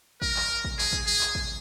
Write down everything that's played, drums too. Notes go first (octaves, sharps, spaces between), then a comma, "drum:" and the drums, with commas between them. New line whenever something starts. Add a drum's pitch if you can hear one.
A#4, drum: kick A1
drum: clap
drum: kick A1
G#4, drum: clap
drum: kick A1
G#4
drum: clap
drum: kick A1